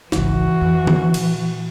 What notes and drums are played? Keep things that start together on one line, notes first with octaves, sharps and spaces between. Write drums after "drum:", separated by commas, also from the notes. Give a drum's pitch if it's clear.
G#1 C#2 E3 F#4, drum: snare
F2
drum: tom D3
A#2, drum: cymbal